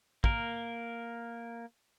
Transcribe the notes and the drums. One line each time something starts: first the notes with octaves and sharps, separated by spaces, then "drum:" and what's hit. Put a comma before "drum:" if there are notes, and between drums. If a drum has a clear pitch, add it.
A#3 A#4, drum: kick